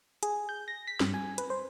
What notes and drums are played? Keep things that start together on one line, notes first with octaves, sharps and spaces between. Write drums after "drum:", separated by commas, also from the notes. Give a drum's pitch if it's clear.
G#4, drum: hi-hat
G6
A#6
B6
G2, drum: snare
G#5
B4, drum: hi-hat
C5